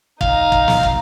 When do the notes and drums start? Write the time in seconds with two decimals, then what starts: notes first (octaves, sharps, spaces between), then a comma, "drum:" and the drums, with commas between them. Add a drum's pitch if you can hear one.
0.21 D#4 F5 A#5, drum: kick
0.52 drum: kick
0.68 drum: snare
0.83 drum: kick